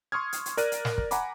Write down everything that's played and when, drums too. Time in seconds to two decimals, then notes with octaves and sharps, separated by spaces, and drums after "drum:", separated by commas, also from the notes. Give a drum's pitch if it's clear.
0.12 C6 C#6 D#6 F6 G#6
0.33 drum: hi-hat
0.46 drum: hi-hat
0.57 A#4 D5 F#6 D#7, drum: hi-hat
0.72 drum: hi-hat
0.85 drum: snare
0.98 drum: kick
1.11 F#5 G#5 A#5 B5 D6, drum: hi-hat